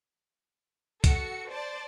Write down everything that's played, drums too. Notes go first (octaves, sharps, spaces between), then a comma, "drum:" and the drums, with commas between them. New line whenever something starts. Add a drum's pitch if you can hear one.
F#4 A4 C#7, drum: kick C2, hi-hat
C5 D5 A5